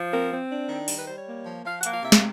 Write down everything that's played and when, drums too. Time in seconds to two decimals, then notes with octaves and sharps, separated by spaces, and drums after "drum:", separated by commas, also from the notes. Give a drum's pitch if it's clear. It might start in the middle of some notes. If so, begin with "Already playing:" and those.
Already playing: F3
0.10 C4 A#4
0.31 C4
0.49 D4
0.68 D#3
0.88 G3, drum: open hi-hat
0.97 B4
1.06 G3 C5
1.16 C#5
1.26 A#3
1.45 F3
1.64 F3 F5
1.78 F#5
1.83 A#3, drum: hi-hat
1.89 F5
2.02 C3 E5
2.12 drum: snare